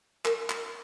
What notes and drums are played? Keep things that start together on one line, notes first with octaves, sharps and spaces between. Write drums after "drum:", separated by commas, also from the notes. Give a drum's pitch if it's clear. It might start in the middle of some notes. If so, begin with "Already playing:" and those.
A#4, drum: clap
drum: clap